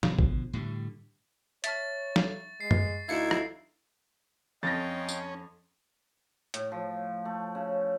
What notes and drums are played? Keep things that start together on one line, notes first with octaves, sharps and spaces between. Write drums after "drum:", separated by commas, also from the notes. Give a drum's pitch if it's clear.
B2 D3 F3, drum: snare
drum: kick A1
A2 D3 G3
C#5 E5 A5 C#6 F6 A6, drum: hi-hat
drum: snare
G#3 C7
drum: tom F#2
D2 D#4 E4 F5 C#7
drum: rim click
F2 C#4 D#5 F5 G5 A6 A#6
drum: tambourine
A2, drum: hi-hat
F3
A3
C#3